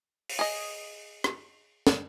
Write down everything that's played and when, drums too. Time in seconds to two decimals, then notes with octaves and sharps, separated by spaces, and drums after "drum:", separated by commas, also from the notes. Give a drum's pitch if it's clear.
0.29 drum: open hi-hat
0.39 G#4 D#5
1.24 drum: rim click
1.87 drum: snare